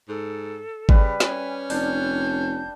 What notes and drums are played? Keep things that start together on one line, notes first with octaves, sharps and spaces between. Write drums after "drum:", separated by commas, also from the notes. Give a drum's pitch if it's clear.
G#2 A4
C#3 G3 B4, drum: kick G#1
C#4 G#5, drum: snare
F1 D4 G6, drum: open hi-hat